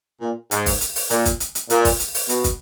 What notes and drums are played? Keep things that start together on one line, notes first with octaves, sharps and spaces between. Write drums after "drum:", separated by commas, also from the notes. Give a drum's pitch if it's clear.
A#2
G#2, drum: hi-hat
drum: kick, open hi-hat
drum: hi-hat
drum: open hi-hat
A#2, drum: hi-hat
drum: kick, hi-hat
drum: hi-hat
drum: hi-hat
A#2, drum: hi-hat
drum: kick, open hi-hat
drum: hi-hat
drum: open hi-hat
B2, drum: hi-hat
drum: kick, hi-hat